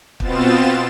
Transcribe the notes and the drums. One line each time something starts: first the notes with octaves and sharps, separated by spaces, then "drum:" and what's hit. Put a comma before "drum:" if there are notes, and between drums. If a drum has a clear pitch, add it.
B2 B3 C4 F4 A6 E7, drum: kick